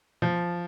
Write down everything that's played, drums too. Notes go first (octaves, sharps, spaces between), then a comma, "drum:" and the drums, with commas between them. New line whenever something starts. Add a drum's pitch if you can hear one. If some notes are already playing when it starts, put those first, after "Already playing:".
F3, drum: tom